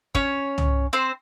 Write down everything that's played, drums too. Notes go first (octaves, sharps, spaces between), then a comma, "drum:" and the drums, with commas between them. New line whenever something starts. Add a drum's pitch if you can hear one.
C#4 C#5, drum: kick
drum: tom
C4 C5